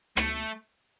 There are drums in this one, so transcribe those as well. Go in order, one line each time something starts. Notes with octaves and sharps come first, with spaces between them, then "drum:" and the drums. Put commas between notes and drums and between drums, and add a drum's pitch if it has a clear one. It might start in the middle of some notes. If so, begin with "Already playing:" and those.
A3, drum: rim click